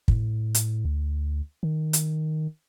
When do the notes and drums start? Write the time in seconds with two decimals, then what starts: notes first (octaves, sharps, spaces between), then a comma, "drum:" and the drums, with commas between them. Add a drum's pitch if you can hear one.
0.08 A2, drum: kick
0.55 drum: hi-hat
0.85 D2
1.63 D#3
1.93 drum: hi-hat